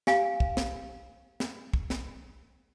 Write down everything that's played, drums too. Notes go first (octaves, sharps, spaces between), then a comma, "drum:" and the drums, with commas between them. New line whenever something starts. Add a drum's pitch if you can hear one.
G4 F5 G#5, drum: snare
drum: kick
drum: snare
drum: snare
drum: kick
drum: snare